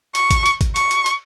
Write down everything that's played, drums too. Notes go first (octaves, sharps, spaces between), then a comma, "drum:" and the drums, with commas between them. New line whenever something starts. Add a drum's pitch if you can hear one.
C#6, drum: hi-hat
drum: kick G#1, hi-hat
drum: hi-hat
drum: kick G#1, hi-hat
C#6, drum: hi-hat
drum: hi-hat
drum: hi-hat